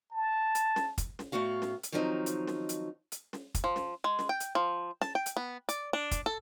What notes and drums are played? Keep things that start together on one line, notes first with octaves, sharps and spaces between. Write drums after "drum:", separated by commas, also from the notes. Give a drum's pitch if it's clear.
A5
drum: hi-hat
drum: snare
drum: kick, hi-hat
drum: snare
A2 A3 B3 F#4 F5
drum: snare
drum: hi-hat
D#3 F3 F#3 C4 D#4
drum: hi-hat
drum: snare
drum: hi-hat
drum: hi-hat
drum: snare
drum: kick, hi-hat
F3
drum: snare
G#3
drum: snare
G5
drum: hi-hat
F3
A5, drum: snare
G5
drum: hi-hat
B3
D5, drum: hi-hat
D4
drum: kick, hi-hat
A4